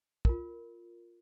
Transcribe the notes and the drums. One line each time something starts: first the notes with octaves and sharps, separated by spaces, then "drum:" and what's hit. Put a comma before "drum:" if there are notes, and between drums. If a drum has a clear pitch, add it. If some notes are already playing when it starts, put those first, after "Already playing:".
F4 A#4, drum: kick